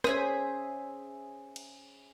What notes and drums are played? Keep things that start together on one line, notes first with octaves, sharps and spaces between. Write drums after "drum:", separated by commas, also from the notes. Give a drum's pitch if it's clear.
C#4 G#4 C5 E5 G#5, drum: rim click
drum: cymbal